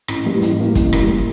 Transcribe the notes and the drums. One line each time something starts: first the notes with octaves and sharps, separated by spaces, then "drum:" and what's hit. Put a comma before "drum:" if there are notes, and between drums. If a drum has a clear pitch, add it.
A1, drum: rim click
A2 E3 G3 A#3
A1, drum: hi-hat
A2 G3 A#3
A1, drum: kick, hi-hat
A2 G3 A#3, drum: rim click